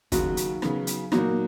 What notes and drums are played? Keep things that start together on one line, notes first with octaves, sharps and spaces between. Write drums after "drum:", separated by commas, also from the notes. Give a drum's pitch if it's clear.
D#2 C#3 F#3 D#4 F#4, drum: kick, hi-hat
drum: hi-hat
C#3 F#3 B3, drum: rim click
drum: hi-hat
A#2 F#3 A#3 D#4 F#4, drum: rim click